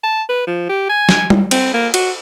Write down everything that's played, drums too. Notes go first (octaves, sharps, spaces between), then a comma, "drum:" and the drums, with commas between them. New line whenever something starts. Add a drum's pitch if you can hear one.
A5
B4
F3
G4
G#5
drum: snare
drum: tom G3
C4, drum: cymbal
A#3
F#4, drum: cymbal